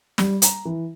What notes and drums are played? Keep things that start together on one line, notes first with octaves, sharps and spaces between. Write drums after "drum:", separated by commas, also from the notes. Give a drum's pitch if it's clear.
G3, drum: snare
A#5, drum: hi-hat
E3